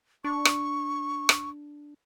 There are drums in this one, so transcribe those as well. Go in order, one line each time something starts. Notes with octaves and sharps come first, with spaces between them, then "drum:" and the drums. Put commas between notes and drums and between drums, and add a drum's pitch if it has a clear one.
D4 C#6
drum: rim click
drum: rim click